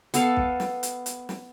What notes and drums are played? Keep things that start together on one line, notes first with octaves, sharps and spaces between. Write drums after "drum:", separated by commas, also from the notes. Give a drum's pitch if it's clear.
B3 A4 F5, drum: hi-hat
drum: kick
drum: snare
drum: hi-hat
drum: hi-hat
drum: snare